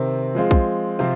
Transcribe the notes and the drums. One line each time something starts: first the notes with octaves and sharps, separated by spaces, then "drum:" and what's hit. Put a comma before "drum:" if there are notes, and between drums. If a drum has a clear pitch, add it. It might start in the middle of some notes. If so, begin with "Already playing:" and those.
Already playing: C3 D#3 C4
F3 G#3 C4 F4
drum: kick
C3 F3 C4 F4